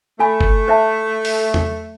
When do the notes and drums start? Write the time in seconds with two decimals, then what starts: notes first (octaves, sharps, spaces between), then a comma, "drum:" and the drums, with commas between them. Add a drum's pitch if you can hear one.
0.19 A3 A4 G#5 B5
0.41 drum: kick
0.68 C5 E5 A5
1.25 drum: open hi-hat
1.54 drum: tom E2